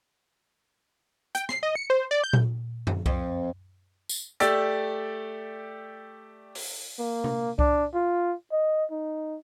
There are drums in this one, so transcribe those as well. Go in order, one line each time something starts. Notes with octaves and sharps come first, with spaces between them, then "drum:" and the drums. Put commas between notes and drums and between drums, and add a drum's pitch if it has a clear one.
G5, drum: hi-hat
C7, drum: rim click
D#5
C#7
C5
D5
G6
drum: tom A#2
drum: tom F#2
F2, drum: kick C2
drum: tambourine
A3 G4 D5 E6 A6, drum: hi-hat
drum: open hi-hat
A#3
drum: tom C3
D4, drum: kick C2
F4
D#5
D#4